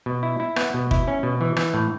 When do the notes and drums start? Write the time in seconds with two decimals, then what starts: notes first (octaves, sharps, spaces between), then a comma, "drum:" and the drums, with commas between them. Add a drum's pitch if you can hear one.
0.06 B2
0.23 E4
0.40 E4
0.56 B3, drum: rim click
0.74 B2
0.91 E4, drum: kick
1.08 C#4
1.23 B2
1.41 E3
1.57 E3, drum: rim click
1.74 A2